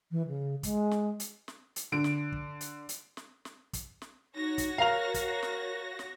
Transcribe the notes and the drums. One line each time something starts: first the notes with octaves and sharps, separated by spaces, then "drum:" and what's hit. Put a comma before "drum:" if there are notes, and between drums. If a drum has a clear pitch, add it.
E3
C#3
G#3, drum: kick, hi-hat
drum: snare
drum: hi-hat
drum: snare
drum: hi-hat
D3 D7
drum: snare
drum: kick
drum: hi-hat
drum: hi-hat
drum: snare
drum: snare
drum: kick, hi-hat
drum: snare
D#4 F#4 C#5 A#6
drum: kick, hi-hat
A#4 F5 A#5 F7
drum: kick, hi-hat
drum: snare
drum: snare